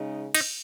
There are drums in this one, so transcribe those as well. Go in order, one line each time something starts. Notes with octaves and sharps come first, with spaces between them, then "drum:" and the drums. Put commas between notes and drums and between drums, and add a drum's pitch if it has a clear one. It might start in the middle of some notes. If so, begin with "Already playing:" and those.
Already playing: C#3 G#3 D#4
D#4, drum: cymbal